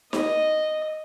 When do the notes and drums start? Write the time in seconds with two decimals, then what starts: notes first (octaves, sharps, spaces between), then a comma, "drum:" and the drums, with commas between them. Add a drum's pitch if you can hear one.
0.13 D#5, drum: snare D#4